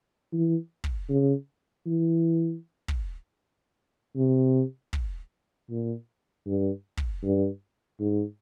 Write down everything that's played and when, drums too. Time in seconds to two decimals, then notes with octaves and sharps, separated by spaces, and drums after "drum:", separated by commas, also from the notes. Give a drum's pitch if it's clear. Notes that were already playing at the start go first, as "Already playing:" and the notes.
0.33 E3
0.84 drum: kick
1.09 C#3
1.86 E3
2.88 drum: kick
4.16 C3
4.93 drum: kick
5.70 A#2
6.47 G2
6.98 drum: kick
7.24 G2
8.00 G#2